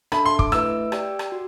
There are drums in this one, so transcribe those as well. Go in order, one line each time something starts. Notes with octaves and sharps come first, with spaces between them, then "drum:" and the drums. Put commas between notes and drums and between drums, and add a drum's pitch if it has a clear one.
D4 A4 E5 A5 B5, drum: rim click
C6
D6, drum: kick
A3 E4 B4 E5 E6, drum: rim click
G4 D5 G5, drum: rim click
drum: rim click
F#4